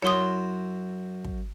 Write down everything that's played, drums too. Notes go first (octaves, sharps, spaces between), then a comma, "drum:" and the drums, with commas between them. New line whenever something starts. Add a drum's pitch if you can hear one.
F#2 E4 F#4 C#5 C6 D#6
drum: kick